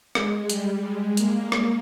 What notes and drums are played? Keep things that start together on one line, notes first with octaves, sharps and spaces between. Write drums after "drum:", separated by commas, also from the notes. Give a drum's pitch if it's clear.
G#3, drum: rim click
G3, drum: hi-hat
G#3
A#3, drum: hi-hat
drum: rim click